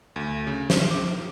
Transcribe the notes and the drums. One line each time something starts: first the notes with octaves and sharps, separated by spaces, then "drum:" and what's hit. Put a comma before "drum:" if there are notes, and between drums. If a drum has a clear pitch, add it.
D2
C#3
C5, drum: snare
D6